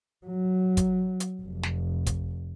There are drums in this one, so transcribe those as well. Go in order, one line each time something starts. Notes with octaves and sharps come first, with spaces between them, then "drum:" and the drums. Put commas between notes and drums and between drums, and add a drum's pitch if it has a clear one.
F#3
drum: kick, hi-hat
drum: hi-hat
F1
drum: snare
drum: kick, hi-hat